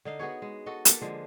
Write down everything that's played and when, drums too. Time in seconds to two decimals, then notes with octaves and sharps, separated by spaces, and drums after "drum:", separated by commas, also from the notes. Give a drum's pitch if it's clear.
0.05 D3 D#4 F5
0.19 B3 F#4 G#4 C#5
0.42 G#3
0.66 F#4 A4 D#5
0.85 A#3 A4 B4, drum: hi-hat
1.02 D3 F3 G#3